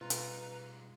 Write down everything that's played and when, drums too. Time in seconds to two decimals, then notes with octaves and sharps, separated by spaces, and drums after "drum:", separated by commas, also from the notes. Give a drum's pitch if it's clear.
0.01 B2 G3 G#3 C#4 D#4 F4 B4 A#5
0.10 drum: hi-hat